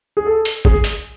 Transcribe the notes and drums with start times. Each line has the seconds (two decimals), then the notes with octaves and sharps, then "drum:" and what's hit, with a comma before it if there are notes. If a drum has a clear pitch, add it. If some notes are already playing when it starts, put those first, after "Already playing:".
0.17 G#4
0.26 A4
0.45 drum: hi-hat
0.65 G#4, drum: kick
0.84 drum: hi-hat